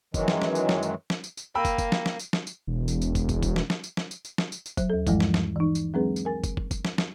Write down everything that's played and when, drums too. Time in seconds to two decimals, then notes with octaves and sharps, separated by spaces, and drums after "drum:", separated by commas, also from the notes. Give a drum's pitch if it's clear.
0.14 F#2 D#3 E3 F#3 G#3, drum: kick, tambourine
0.28 drum: snare
0.42 drum: snare
0.55 drum: tambourine
0.69 drum: snare
0.83 drum: tambourine
1.10 drum: snare
1.24 drum: tambourine
1.37 drum: tambourine
1.55 A#3 G5 B5 E6
1.65 drum: kick, tambourine
1.78 drum: kick, tambourine
1.92 drum: snare
2.06 drum: snare
2.19 drum: tambourine
2.33 drum: snare
2.47 drum: tambourine
2.67 E1
2.88 drum: tambourine
3.02 drum: tambourine
3.15 drum: kick, tambourine
3.29 drum: kick, tambourine
3.43 drum: kick, tambourine
3.56 drum: snare
3.70 drum: snare
3.84 drum: tambourine
3.97 drum: snare
4.11 drum: tambourine
4.25 drum: tambourine
4.38 drum: snare
4.52 drum: tambourine
4.66 drum: tambourine
4.77 F#3 C5, drum: kick, tambourine
4.90 D#2 A4
5.07 G2 E3 F3 G3 G#3 E4, drum: kick, tambourine
5.20 drum: snare
5.34 drum: snare
5.56 E3 D#4
5.75 drum: tambourine
5.94 F#3 G#3 C4 D4 G#4 B4
6.16 drum: tambourine
6.25 A#4 G#5 A6
6.44 drum: kick, tambourine
6.57 drum: kick
6.71 drum: kick, tambourine
6.85 drum: snare
6.98 drum: snare